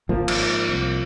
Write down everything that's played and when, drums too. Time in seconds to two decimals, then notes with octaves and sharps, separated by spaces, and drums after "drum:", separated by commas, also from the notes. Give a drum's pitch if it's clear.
0.09 G#1 F3 A#3
0.28 drum: cymbal
0.39 G#2
0.69 C2